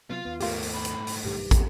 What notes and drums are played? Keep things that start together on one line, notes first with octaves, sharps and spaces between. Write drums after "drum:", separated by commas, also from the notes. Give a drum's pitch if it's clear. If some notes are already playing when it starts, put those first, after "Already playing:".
C3 F#3 B3 F4 F5
D#2 B3
G#2 A3 F4 G4 A#4, drum: open hi-hat
drum: open hi-hat
B5
drum: hi-hat
drum: open hi-hat
B1 G2 D#3 G4
drum: kick, hi-hat